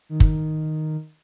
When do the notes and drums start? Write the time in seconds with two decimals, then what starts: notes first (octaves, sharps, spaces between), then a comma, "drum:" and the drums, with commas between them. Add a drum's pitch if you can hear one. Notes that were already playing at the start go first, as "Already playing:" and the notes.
0.09 D#3
0.20 drum: kick